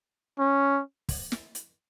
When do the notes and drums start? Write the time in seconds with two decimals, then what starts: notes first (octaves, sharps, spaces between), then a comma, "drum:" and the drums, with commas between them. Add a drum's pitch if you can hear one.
0.39 C#4
1.09 drum: kick, open hi-hat
1.32 drum: snare
1.55 drum: hi-hat